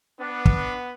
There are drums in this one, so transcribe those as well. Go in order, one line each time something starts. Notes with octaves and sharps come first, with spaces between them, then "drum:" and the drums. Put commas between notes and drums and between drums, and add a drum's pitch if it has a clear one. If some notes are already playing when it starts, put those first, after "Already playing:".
B3 D4
drum: kick